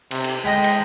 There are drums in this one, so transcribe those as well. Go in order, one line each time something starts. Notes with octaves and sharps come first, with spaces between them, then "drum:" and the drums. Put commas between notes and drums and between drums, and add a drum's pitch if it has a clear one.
C3, drum: cymbal
drum: cymbal
G#3 D#5 G5 B5
drum: cymbal